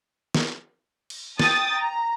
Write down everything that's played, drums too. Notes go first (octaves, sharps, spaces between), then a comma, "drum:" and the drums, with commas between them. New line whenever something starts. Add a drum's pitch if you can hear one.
drum: snare
drum: cymbal
G5 A5 D#6 A6, drum: snare
A#5